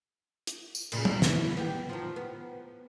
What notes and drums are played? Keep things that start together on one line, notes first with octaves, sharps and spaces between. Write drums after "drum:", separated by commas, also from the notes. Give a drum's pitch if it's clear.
drum: hi-hat
drum: tambourine
F2 A#2 C#3, drum: cymbal
F#3 G3, drum: tom
E3 E4, drum: snare
B3 G4
D#3 F3
B3